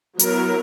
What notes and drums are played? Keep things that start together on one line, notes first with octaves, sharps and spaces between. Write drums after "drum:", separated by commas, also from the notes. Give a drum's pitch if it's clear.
F#3 B3 E4 A#4, drum: hi-hat